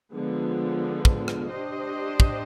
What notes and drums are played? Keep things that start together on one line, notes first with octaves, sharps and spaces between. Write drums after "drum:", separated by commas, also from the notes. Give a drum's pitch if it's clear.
D3 F3 G#3 B3
drum: kick
drum: rim click
D4 G4 C5 D#5
drum: kick